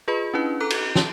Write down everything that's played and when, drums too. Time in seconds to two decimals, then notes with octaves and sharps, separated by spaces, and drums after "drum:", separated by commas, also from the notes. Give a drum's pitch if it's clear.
0.08 F4 G#4 B4 D#5 B5
0.34 C#4 D4 E4 B4
0.60 A4 A#5 D6 F#6
0.70 drum: cymbal
0.96 A5 C6, drum: snare